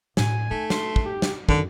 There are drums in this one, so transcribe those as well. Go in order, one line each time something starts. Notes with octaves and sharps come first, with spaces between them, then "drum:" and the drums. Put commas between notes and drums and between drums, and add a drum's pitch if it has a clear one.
A2 G#5, drum: snare
A3 D#4
C6, drum: snare
drum: kick
G4
drum: snare
F#2 D3 D#3, drum: kick